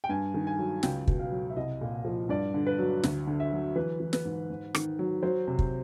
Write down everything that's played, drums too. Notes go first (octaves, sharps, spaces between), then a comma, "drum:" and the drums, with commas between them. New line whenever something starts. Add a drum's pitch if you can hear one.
G5
G2 G#5
D#3
G#5
F#3
C#2 G5, drum: snare
B2, drum: kick
F5
F#3
E5
C2 D#5
A#2
F3
G2 D5
D3
B4
F#3
D2, drum: snare
D3
E5
F#3
E3 B4
E3
B4, drum: snare
G#2
G#2
D#3, drum: rim click
F#3
F#3 C5
C3
drum: kick